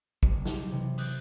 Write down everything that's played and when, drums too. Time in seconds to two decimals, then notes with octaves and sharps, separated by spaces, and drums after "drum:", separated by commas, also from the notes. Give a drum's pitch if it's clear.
0.23 F#1 B1, drum: kick
0.45 B1, drum: snare
0.71 C3 E3
0.98 D#6 F#6 G6 A6 D7, drum: open hi-hat